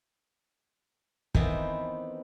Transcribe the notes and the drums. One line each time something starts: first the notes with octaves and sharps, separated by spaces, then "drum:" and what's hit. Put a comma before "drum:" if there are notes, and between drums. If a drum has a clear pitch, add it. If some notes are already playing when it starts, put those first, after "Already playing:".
D#3 E3 B3 C4 C5, drum: kick